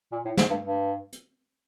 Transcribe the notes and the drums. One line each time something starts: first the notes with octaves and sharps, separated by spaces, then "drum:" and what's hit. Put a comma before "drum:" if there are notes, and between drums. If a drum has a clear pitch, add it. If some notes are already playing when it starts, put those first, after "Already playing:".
A#2
A2
G#2, drum: snare
G2
G2
drum: hi-hat